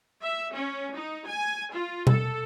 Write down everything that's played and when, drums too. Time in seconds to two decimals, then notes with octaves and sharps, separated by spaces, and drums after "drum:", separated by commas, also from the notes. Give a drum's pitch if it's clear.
0.23 E5
0.54 C#4
0.95 D#4
1.27 G#5
1.73 F4
2.07 A4, drum: tom B2